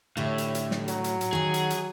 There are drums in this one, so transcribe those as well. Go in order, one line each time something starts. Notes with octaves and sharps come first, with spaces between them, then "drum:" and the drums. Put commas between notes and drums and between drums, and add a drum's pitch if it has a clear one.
A2 D3 G4 C#5 E5
drum: hi-hat
drum: hi-hat
drum: snare
F#3, drum: hi-hat
drum: hi-hat
drum: hi-hat
D#3 G#4 F#5
drum: hi-hat
drum: hi-hat